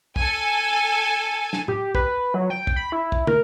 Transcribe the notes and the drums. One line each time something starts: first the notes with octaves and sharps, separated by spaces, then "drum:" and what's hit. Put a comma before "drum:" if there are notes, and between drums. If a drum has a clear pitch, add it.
A4 G#5, drum: kick
drum: snare
G4, drum: tom
B4, drum: kick
F#3
G5
drum: kick
B5
E4
drum: kick
A#4, drum: tom